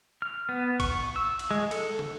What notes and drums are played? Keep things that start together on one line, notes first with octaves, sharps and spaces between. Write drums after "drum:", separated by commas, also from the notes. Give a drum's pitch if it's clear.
F6
B3
C#6, drum: kick, cymbal
E6
drum: cymbal
G#3
A4, drum: cymbal
drum: tom